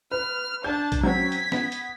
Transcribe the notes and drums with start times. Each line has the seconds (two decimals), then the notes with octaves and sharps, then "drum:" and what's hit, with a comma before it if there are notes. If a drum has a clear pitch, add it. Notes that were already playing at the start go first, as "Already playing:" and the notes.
0.11 B4 F6
0.64 D4 A5 G6
0.92 drum: kick A#1, hi-hat
1.03 F#3 C4 C#4 G#6 B6
1.32 drum: hi-hat
1.52 B3, drum: snare
1.72 drum: hi-hat